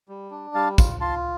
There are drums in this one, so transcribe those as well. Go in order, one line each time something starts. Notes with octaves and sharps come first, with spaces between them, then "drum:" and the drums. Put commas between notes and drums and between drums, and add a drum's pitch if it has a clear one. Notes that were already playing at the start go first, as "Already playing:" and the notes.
G3
D4
G3 F5 A5
F4, drum: kick, tambourine
F4 A5 C6